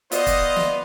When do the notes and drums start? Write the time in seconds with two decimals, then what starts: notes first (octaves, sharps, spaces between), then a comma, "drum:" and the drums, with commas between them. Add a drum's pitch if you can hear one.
0.12 B3 F4 C5 D5 D#5, drum: hi-hat
0.27 drum: kick, hi-hat
0.56 drum: snare